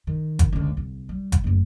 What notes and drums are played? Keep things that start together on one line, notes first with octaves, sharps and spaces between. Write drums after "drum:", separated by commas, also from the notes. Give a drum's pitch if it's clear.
D#3
drum: kick G1, hi-hat
C#2 D3
C2
G3
drum: kick G1, hi-hat
F#1 D2